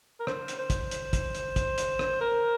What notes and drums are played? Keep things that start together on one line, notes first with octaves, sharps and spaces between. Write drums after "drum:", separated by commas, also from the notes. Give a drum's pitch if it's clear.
A#4
C5, drum: rim click
drum: hi-hat
C5
drum: kick, hi-hat
drum: hi-hat
drum: kick, hi-hat
drum: hi-hat
drum: kick, hi-hat
drum: hi-hat
drum: rim click
A#4